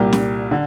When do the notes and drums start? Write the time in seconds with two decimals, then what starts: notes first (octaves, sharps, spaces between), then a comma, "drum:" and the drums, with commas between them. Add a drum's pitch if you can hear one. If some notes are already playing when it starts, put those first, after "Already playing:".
Already playing: C2 A#2 G3 G4 A#4
0.13 drum: snare
0.51 D3